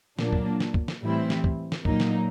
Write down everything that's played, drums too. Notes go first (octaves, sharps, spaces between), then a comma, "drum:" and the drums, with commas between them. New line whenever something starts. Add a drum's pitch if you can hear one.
A#2 F#3 A#3 D4, drum: snare
drum: kick
drum: snare
drum: kick
drum: snare
A2 E3 G3 C4 E4
drum: snare
drum: kick
drum: snare
A#2 F#3 A#3 D#4, drum: kick
drum: snare